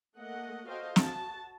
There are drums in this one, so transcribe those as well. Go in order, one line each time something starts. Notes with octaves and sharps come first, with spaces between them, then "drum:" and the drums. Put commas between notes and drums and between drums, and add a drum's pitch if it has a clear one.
A3 A#3 D#5 F#5
F#4 A4 C5 D#5 F5 G5
F#4 A5, drum: snare